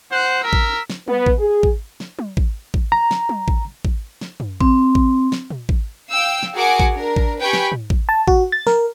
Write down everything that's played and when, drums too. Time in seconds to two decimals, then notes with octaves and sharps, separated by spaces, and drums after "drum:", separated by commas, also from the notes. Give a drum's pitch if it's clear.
0.12 C5 F#5 F#6
0.44 A#4 E6 B6
0.53 drum: kick
0.90 drum: snare
1.08 B3, drum: tom
1.26 drum: kick
1.39 G#4
1.63 drum: kick
2.00 drum: snare
2.19 drum: tom
2.37 drum: kick
2.74 drum: kick
2.92 A#5
3.11 drum: snare
3.29 drum: tom
3.48 drum: kick
3.85 drum: kick
4.21 drum: snare
4.40 drum: tom F#2
4.61 C4, drum: kick
4.95 drum: kick
5.32 drum: snare
5.51 drum: tom A#2
5.69 drum: kick
6.10 F5 G5 E6
6.43 drum: snare
6.54 F#4 G#4 A#4 F#5 G#5 D6
6.80 drum: kick
6.95 D4 A#4
7.16 drum: kick
7.41 G4 B4 G5 G#5 B5 C#6
7.53 drum: snare
7.72 drum: tom
7.90 drum: kick
8.09 A5
8.28 F#4, drum: kick
8.52 A6
8.67 A#4, drum: snare